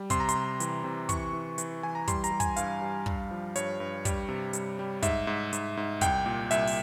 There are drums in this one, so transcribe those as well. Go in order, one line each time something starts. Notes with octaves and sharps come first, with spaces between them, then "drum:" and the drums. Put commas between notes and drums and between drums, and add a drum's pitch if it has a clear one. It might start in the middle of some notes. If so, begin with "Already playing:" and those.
Already playing: G3
C3 C6, drum: kick, hi-hat
A#5
C6, drum: hi-hat
C3
E3, drum: hi-hat
C3
E3 C#6, drum: kick, hi-hat
E3
E3, drum: hi-hat
E3 G#5
A#5
G3 C6, drum: kick, hi-hat
A#5, drum: hi-hat
G3
G#5, drum: kick, hi-hat
G2 F5, drum: hi-hat
G3
G2, drum: kick
F3
G2 C#5, drum: hi-hat
G2
G3, drum: kick, hi-hat
C3
G3, drum: hi-hat
G3
G#2 E5, drum: kick, hi-hat
G#2
G#2, drum: hi-hat
G#2
C2 G5, drum: kick, hi-hat
A#2
C2 E5, drum: hi-hat
drum: open hi-hat